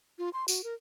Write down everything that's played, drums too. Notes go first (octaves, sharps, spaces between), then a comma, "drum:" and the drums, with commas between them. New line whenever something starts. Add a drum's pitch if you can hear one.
F4
C6
F#4, drum: tambourine
A#4